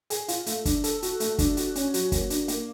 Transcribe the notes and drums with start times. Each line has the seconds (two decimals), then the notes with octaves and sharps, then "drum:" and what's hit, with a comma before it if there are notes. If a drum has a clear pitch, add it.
0.10 G#4, drum: hi-hat
0.28 F4, drum: hi-hat
0.46 A3, drum: hi-hat
0.65 D4, drum: kick, hi-hat
0.84 A4, drum: hi-hat
1.03 F#4, drum: hi-hat
1.20 A3, drum: hi-hat
1.38 D4, drum: kick, hi-hat
1.57 F#4, drum: hi-hat
1.75 C#4, drum: hi-hat
1.94 F#3, drum: hi-hat
2.12 A#3, drum: kick, hi-hat
2.30 D4, drum: hi-hat
2.48 A#3, drum: hi-hat